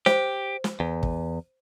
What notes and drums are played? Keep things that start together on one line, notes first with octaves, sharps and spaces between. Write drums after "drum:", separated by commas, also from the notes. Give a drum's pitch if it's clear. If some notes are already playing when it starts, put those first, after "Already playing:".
G4 C5, drum: snare
drum: snare
E2
drum: kick